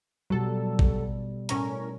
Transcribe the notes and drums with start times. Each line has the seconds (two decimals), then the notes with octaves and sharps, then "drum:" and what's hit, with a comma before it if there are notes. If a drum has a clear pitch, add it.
0.30 B2 F#3 G3 A4
0.79 drum: kick
1.49 A2 C#4 A#4, drum: hi-hat